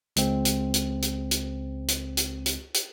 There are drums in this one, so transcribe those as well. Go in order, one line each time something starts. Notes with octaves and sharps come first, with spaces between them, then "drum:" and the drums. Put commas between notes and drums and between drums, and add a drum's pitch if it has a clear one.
C#2 G#3 C4, drum: hi-hat
drum: hi-hat
drum: hi-hat
drum: hi-hat
drum: hi-hat
drum: hi-hat
drum: hi-hat
drum: hi-hat
drum: hi-hat